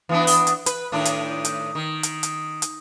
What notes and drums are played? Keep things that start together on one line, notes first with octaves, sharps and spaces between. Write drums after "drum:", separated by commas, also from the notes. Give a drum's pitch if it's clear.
E3 B3 D4
drum: open hi-hat
drum: hi-hat
B4, drum: hi-hat
A2 D#3 D4
drum: hi-hat
drum: hi-hat
D#3
drum: hi-hat
drum: hi-hat
drum: hi-hat